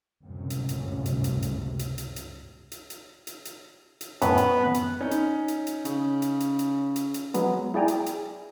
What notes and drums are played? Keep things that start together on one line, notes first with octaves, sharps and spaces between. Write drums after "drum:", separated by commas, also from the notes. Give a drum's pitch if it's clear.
G1 C#2 F#2 A2 C3
drum: hi-hat
drum: hi-hat
drum: hi-hat
drum: hi-hat
drum: hi-hat
drum: hi-hat
drum: hi-hat
drum: hi-hat
drum: hi-hat
drum: hi-hat
drum: hi-hat
drum: hi-hat
drum: hi-hat
F#2 A2 B3, drum: hi-hat
drum: hi-hat
drum: hi-hat
C#4 D#4
drum: hi-hat
drum: hi-hat
drum: hi-hat
C#3, drum: hi-hat
drum: hi-hat
drum: hi-hat
drum: hi-hat
drum: hi-hat
drum: hi-hat
F#3 G#3 B3, drum: hi-hat
E4 G#4 D5 G5 G#5 A#5
drum: hi-hat
drum: hi-hat